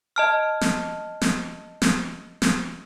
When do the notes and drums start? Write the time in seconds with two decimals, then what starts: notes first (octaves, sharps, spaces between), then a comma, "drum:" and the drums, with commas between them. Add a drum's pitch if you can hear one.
0.16 D#5 A5 F6
0.61 drum: snare
1.22 drum: snare
1.82 drum: snare
2.42 drum: snare